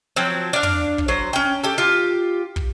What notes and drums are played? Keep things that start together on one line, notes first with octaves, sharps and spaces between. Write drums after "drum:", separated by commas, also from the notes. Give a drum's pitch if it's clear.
F3 F#3 C4
D4 F5
drum: tom
drum: kick
F#3 C5
C#4 G5
G4 A4
F4 G4
drum: kick